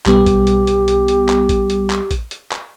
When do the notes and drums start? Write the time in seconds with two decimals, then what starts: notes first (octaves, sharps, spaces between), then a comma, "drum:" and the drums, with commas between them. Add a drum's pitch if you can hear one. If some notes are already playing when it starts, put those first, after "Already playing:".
0.06 B1 G3 B3 G4, drum: clap
0.26 drum: kick A1, hi-hat
0.47 drum: hi-hat
0.67 drum: hi-hat
0.88 drum: hi-hat
1.08 drum: hi-hat
1.29 drum: clap
1.49 drum: kick A1, hi-hat
1.70 drum: hi-hat
1.90 drum: clap
2.11 drum: kick A1, hi-hat
2.31 drum: hi-hat
2.52 drum: clap